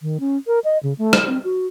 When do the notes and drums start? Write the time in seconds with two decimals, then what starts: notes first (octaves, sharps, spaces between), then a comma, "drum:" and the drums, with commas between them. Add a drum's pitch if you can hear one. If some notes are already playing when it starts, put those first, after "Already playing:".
0.01 D#3
0.20 C#4
0.47 A#4
0.64 D#5
0.83 C#3
0.98 A3
1.13 drum: rim click
1.28 C4
1.44 F#4